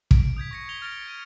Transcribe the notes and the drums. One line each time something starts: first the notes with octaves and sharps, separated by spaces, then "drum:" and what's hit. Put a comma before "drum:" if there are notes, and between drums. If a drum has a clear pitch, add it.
D7, drum: kick
D#6 G6 G#6 B6
C#6 A#6 C#7
G#6 B6 F7 G7
F6 A6 A#6 C#7 D7 G7
G#6 D#7